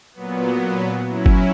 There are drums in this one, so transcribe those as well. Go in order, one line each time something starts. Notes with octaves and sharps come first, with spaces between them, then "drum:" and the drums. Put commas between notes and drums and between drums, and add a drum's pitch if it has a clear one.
A#2 F#3 B3
F#3 C#4 E4
drum: kick G1